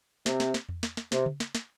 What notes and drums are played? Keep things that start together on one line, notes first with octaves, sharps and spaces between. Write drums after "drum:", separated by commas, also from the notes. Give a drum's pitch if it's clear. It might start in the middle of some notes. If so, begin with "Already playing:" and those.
C3, drum: snare
drum: snare
drum: snare
drum: tom E2
drum: snare
drum: snare
C3, drum: snare
drum: tom C#3
drum: snare
drum: snare